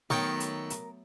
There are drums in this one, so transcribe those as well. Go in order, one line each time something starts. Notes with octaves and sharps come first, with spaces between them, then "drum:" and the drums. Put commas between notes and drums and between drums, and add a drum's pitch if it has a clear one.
D#3 F#3 A3 B3 A4 A#4 C#5 G5, drum: snare
drum: hi-hat
drum: hi-hat